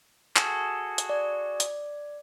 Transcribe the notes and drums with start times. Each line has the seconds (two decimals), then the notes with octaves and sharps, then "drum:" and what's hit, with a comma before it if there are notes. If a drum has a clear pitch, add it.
0.36 F#4 G#4 A4, drum: clap
0.98 drum: hi-hat
1.09 D5
1.60 drum: hi-hat